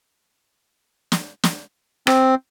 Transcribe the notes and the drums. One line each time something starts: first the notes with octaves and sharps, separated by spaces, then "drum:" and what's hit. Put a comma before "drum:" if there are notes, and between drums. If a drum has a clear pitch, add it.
drum: snare
drum: snare
C4, drum: rim click